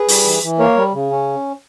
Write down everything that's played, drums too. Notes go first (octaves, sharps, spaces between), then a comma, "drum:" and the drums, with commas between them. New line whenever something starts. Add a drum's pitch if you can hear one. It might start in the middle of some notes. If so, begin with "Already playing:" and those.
Already playing: G#4 B4
G3, drum: open hi-hat
E3
E3
A#3 A#4 C#5
G3
C#3
C#4